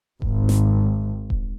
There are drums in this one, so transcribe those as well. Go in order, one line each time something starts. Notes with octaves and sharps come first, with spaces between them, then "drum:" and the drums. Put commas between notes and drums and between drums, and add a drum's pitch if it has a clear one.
G#1, drum: kick D#1
drum: snare
drum: kick D#1